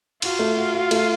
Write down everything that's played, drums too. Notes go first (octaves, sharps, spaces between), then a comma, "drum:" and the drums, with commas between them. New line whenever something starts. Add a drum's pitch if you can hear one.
F4 F#4, drum: cymbal
A3
F#4
F#4
A3, drum: cymbal